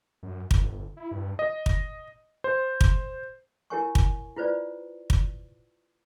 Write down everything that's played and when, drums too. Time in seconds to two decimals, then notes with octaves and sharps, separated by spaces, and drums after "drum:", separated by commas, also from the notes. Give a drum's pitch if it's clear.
0.23 F#2
0.51 G1, drum: kick
0.97 E4
1.11 G2
1.39 D#5
1.66 drum: kick
2.44 C5
2.81 drum: kick
3.70 E4 G4 A#4 C#5 G#5 C#6
3.95 drum: kick
4.36 E4 F4 B4 C5 D5
5.10 drum: kick